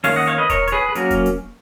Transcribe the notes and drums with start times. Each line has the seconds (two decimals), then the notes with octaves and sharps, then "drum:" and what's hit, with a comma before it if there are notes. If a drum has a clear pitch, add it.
0.04 D#3 A#3 C#4 C#5 F5, drum: open hi-hat
0.16 D#5 F#5
0.27 C#5 F5
0.38 B4 D#5
0.50 A#4 C#5, drum: kick E1, hi-hat
0.68 C#5, drum: hi-hat
0.72 G#4 B4
0.89 B4
0.95 F#3 A#3 C#4 F#4 A#4, drum: hi-hat
1.11 drum: kick E1, hi-hat
1.26 drum: hi-hat